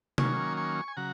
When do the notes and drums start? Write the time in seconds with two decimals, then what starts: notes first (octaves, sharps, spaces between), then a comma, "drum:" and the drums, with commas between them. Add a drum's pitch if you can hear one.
0.18 D#3 F#3 A#3 C#4 G#5 C#6, drum: tom C3
0.57 G#5 C#6
0.88 G#5
0.97 C#3 F#3 F#5 A#5